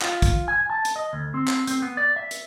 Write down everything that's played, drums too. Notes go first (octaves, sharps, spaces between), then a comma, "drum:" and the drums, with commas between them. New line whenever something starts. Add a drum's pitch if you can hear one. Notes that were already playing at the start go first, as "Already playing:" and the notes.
F4, drum: clap
drum: kick, hi-hat
G#5
A5
drum: hi-hat
D#5
D2
C4
drum: clap
C4, drum: hi-hat
B3
D5
E5
drum: hi-hat